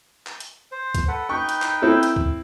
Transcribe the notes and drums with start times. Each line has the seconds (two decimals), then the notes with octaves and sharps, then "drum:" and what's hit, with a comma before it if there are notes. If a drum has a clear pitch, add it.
0.27 drum: clap
0.40 drum: hi-hat
0.72 C5
0.95 drum: kick C#2, hi-hat
1.08 A4 B4 F#5
1.29 D#4 B4 G5 C#6
1.49 drum: hi-hat
1.62 drum: clap
1.82 C4 E4 A4
2.03 drum: hi-hat
2.16 drum: kick C#2